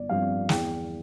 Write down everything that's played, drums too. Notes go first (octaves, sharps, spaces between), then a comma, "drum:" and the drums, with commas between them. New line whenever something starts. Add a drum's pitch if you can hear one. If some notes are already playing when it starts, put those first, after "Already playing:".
Already playing: G1 D5
G2 F3 C4 F5
E2 G5, drum: snare